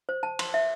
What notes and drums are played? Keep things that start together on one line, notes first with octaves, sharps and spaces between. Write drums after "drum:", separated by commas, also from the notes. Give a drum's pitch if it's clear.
C5
A5
C6, drum: cymbal
E5